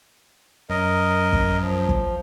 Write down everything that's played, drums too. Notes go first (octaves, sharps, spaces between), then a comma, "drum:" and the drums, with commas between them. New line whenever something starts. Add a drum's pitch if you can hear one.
F#2 A#4 D#5
drum: kick
F3
drum: kick